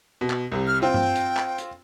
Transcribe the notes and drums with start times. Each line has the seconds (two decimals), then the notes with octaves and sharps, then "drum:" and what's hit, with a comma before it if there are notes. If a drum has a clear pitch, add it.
0.21 B2
0.30 drum: clap
0.52 C2 C3
0.67 F6
0.82 C4 F4 G5
0.94 drum: tom G2
1.16 drum: hi-hat
1.37 drum: clap
1.58 drum: hi-hat